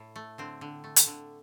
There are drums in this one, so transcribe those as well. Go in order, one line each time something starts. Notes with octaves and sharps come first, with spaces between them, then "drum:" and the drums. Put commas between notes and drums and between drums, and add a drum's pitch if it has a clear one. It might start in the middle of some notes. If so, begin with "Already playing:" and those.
Already playing: A2
A3
D3 C4
D3
A3
drum: hi-hat
D3